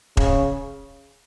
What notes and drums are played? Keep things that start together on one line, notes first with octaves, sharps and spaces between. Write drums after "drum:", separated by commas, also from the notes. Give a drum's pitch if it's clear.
C#3, drum: kick E1